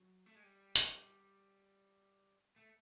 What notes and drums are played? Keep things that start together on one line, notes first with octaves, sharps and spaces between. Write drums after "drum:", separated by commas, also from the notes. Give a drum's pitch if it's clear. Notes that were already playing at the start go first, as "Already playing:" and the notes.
Already playing: F#3
A3
G#3
G3
drum: hi-hat
A3